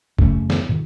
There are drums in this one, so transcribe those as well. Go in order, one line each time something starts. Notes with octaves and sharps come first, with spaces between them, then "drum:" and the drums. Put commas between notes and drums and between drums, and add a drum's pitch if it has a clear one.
F#2 C#3 A3 C#4, drum: kick
drum: snare
A#2 D#3